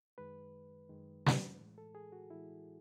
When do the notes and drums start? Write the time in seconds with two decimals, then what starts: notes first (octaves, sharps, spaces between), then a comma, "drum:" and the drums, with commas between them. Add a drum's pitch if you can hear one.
0.18 F#2 D#3 G#3 B4
0.90 F#2 D#3 G#3
1.26 drum: snare
1.59 A2 E3 G#3
1.78 A4
1.95 G#4
2.12 F#4
2.30 A2 E3 G#3 E4